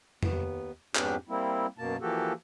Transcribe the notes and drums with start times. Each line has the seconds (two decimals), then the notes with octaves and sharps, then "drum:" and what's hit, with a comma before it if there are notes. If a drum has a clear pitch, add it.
0.23 D#2 B3, drum: tom F2
0.95 F2 G#2 B3 C#4 D4 G4, drum: clap
1.29 G3 A#3 C4 E4
1.78 F#2 B2 A#3 A5
2.01 E3 F3 A#3 F#4 G4 A4